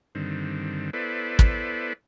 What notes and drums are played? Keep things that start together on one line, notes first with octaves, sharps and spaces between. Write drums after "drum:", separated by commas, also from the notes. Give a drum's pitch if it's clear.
G2 D3 D#3 C4
B3 E4 A4 B4 C5 D5
drum: kick